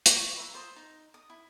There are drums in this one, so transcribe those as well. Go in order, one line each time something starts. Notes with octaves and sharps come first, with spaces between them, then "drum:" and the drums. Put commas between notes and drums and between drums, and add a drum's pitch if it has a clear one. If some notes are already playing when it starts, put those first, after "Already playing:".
C#6 D6, drum: hi-hat
B4 E5 A#5
F4 C5 A#5 D#6
D#4
D#6
E4